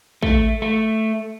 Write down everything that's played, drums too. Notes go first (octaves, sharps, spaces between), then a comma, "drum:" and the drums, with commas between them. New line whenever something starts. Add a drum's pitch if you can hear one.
A3, drum: kick
A3